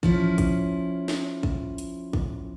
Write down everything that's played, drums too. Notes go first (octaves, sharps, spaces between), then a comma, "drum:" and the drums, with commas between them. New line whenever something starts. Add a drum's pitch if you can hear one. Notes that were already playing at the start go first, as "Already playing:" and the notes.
F3 C#4 E4, drum: kick
drum: kick, hi-hat
drum: snare
drum: kick
drum: hi-hat
drum: kick